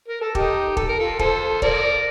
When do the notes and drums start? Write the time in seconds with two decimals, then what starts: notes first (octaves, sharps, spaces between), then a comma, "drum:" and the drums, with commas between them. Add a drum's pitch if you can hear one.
0.08 A#4
0.21 A4
0.35 D#4 G4, drum: kick
0.77 A4, drum: kick
0.88 A#4
0.99 F4 A4
1.19 A4 C5, drum: kick
1.62 A#4 D5, drum: kick